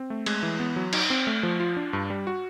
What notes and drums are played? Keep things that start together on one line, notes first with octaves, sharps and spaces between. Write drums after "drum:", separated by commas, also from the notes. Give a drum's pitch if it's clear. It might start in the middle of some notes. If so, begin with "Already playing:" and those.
Already playing: C4
A3
G#3, drum: cymbal
E3
B3
F#3
D#4, drum: cymbal
C4
A3
F3
F4
D4
G2
G3
F#4